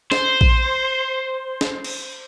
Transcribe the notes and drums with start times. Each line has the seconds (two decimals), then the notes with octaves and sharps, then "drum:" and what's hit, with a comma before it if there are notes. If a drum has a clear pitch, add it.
0.12 C5, drum: snare
0.41 drum: kick A#1
1.61 drum: snare
1.84 drum: cymbal